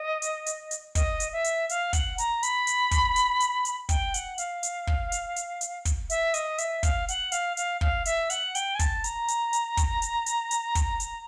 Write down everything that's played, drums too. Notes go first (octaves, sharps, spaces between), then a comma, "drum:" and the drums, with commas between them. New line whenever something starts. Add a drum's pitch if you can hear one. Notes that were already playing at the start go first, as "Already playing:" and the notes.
Already playing: D#5
drum: hi-hat
drum: hi-hat
drum: hi-hat
D#5, drum: kick, hi-hat
drum: hi-hat
E5
drum: hi-hat
F5, drum: hi-hat
F#5, drum: kick, hi-hat
A#5, drum: hi-hat
B5, drum: hi-hat
drum: hi-hat
drum: kick, hi-hat
drum: hi-hat
drum: hi-hat
drum: hi-hat
G5, drum: kick, hi-hat
F#5, drum: hi-hat
F5, drum: hi-hat
drum: hi-hat
drum: kick
drum: hi-hat
drum: hi-hat
drum: hi-hat
drum: kick, hi-hat
E5, drum: hi-hat
D#5, drum: hi-hat
E5, drum: hi-hat
F5, drum: kick, hi-hat
F#5, drum: hi-hat
F5, drum: hi-hat
F5, drum: hi-hat
F5, drum: kick
E5, drum: hi-hat
F#5, drum: hi-hat
G5, drum: hi-hat
G#5
A5, drum: kick, hi-hat
A#5, drum: hi-hat
drum: hi-hat
drum: hi-hat
drum: kick, hi-hat
drum: hi-hat
drum: hi-hat
drum: hi-hat
drum: kick, hi-hat
drum: hi-hat